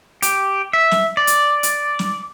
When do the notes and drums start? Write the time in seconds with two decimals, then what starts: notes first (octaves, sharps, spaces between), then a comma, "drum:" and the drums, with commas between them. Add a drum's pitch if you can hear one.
0.22 G4, drum: hi-hat
0.73 E5
0.91 drum: snare
1.17 D5
1.27 drum: hi-hat
1.63 drum: hi-hat
1.99 drum: snare